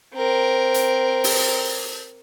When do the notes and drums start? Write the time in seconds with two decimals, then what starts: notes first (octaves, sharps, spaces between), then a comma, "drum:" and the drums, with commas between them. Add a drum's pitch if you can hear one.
0.15 C4 A#4
0.74 drum: hi-hat
1.24 drum: open hi-hat